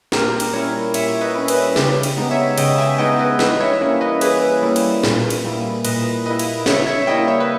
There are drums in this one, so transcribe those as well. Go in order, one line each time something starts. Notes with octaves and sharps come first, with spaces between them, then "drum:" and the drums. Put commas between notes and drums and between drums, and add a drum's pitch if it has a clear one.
A#2 G4 A#4, drum: snare
drum: cymbal
G3 C#4 E4 A#4 C#5
A#2 C#5 E5, drum: cymbal
B4 D#5
G3 C#4 E4
B4 D#5, drum: cymbal
C#3 G4, drum: snare
drum: cymbal
G#3 B3 D#4
C#5 E5
C#3 D#5 G5, drum: cymbal
E5 G#5
G#3 B3 D#4 D#5 G5
B4 D#5
E3 B4 D#5, drum: snare
C#5 E5
G3 A#3 C#4 E4
B4 D#5
E3 G#4 B4, drum: cymbal
G3 A#3 C#4 E4
drum: cymbal
A#2, drum: snare
drum: cymbal
G3 A#3 E4
A#2 B4 D#5, drum: cymbal
G3 A#3 E4 B4 D#5
drum: cymbal
C#3 C#5 E5, drum: snare
C#5 E5
G3 A#3 E4 D#5 G5
C#5 E5
B4